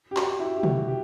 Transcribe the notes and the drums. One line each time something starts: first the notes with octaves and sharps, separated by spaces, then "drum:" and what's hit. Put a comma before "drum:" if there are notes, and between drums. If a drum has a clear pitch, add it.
G4
F#4, drum: clap
E4
G4
F#4, drum: tom
G4